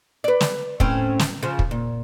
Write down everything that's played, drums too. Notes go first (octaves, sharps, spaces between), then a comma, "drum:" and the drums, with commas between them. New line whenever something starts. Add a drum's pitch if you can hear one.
B4 D5
drum: snare
A2 C4 C#4, drum: kick
drum: snare
C#3 F3
drum: kick
A#2